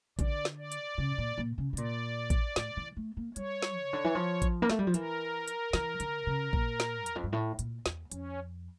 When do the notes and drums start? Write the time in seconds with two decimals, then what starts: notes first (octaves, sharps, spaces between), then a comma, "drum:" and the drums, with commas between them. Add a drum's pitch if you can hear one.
0.19 D3 D5, drum: kick A1, hi-hat
0.45 drum: snare
0.58 D5
0.72 drum: hi-hat
0.98 C#3
1.18 A#2
1.38 A#2
1.58 C#3
1.73 C#3
1.77 A#2 D5, drum: hi-hat
2.30 drum: kick A1, hi-hat
2.56 A2, drum: snare
2.77 E3
2.97 A3
3.17 A#3
3.36 G3 C#5, drum: hi-hat
3.62 drum: snare
3.81 C#3
3.93 D3
4.04 E3
4.15 F3
4.42 drum: kick A1, hi-hat
4.62 A#3
4.70 A3, drum: snare
4.79 G3
4.87 F3
4.94 E3 A#4, drum: hi-hat
5.48 drum: hi-hat
5.73 E3, drum: snare
6.00 D3, drum: hi-hat
6.27 C#3
6.53 A#2, drum: kick A1
6.80 drum: snare
7.06 E2, drum: hi-hat
7.15 F2
7.23 G2
7.33 A2
7.59 A#2, drum: hi-hat
7.86 E2, drum: snare
8.12 F2 C#4, drum: hi-hat